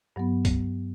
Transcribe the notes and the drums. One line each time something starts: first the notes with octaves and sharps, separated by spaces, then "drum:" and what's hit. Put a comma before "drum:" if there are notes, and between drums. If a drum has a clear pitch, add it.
G2 F#3 B3
drum: kick, hi-hat